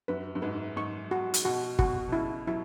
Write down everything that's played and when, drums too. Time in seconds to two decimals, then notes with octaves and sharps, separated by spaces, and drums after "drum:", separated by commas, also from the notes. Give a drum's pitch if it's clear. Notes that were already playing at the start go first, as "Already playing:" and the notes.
0.08 F#2 B4
0.35 F#2
0.42 G#2 B4
0.76 G#2 C#6
1.11 F#4
1.34 drum: hi-hat
1.45 B2 F#4
1.79 B2 F#4, drum: kick
2.08 B2
2.12 C#3 E4
2.47 F#3 E4